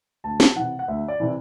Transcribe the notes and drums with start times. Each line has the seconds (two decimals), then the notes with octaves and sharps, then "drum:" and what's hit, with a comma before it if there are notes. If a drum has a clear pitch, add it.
0.24 D2 A5
0.40 drum: snare
0.56 C3 E3 F#5
0.79 F#5
0.88 D2 E5
1.08 D5
1.20 C3 E3